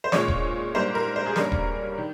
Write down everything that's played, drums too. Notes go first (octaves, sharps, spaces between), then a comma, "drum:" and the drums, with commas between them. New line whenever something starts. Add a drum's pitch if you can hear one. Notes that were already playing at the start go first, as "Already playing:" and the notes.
C5
A#2 G#3 C#4 C#5, drum: snare
drum: kick D#1
G#2 G3 A#3 C5
A#4
C5
G#4
G2 G3 A#3 C#4 A#4, drum: snare
drum: kick D#1
D#3